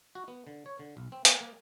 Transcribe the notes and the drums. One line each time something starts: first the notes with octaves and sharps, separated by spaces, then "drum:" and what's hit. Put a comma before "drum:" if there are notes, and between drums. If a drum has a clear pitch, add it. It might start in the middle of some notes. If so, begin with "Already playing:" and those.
F#4
B3
D3
C#5
D3
B1
C4
B3, drum: hi-hat
A#3